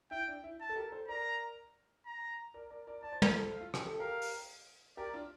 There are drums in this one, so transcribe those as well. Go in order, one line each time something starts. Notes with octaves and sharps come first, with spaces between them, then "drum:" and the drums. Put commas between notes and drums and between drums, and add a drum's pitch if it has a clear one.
E4 G5
D4
E4
A5
A4
G4 A#4
A4 C5
A#4 D5 A#5
A#5
A#4 D5
A#4 D5
A#4 D5
D5 A5
C5
A#4, drum: tom
A4 C5
F5
F4
G4, drum: rim click
A4
G4 A#4 F5
drum: open hi-hat
G4 A#4 D5
D4 F4